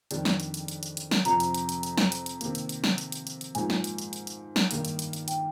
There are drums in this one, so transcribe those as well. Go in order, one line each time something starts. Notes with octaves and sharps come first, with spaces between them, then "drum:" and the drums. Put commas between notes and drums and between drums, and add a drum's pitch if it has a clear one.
F2 D#3 G3 D4, drum: hi-hat
drum: snare
drum: hi-hat
drum: hi-hat
drum: hi-hat
drum: hi-hat
drum: hi-hat
drum: snare
F2 C3 F3 A#5, drum: hi-hat
drum: hi-hat
drum: hi-hat
drum: hi-hat
drum: hi-hat
drum: snare
drum: hi-hat
drum: hi-hat
C3 D#3 A#3, drum: hi-hat
drum: hi-hat
drum: hi-hat
drum: snare
drum: hi-hat
drum: hi-hat
drum: hi-hat
drum: hi-hat
G#2 F3 A#3 D#4 G#5, drum: hi-hat
drum: snare
drum: hi-hat
drum: hi-hat
drum: hi-hat
drum: hi-hat
drum: snare
G2 D#3 A#3 D#4, drum: hi-hat
drum: hi-hat
drum: hi-hat
drum: hi-hat
G5, drum: hi-hat